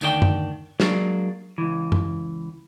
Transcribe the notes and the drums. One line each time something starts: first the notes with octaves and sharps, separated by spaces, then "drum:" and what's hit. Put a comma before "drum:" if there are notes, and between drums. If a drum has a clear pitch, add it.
D2 D#3 D4 G#4 G5, drum: tambourine
drum: tom F#2
F#3 G#3 A#3 D4, drum: snare
C#2 E3
drum: tom F#2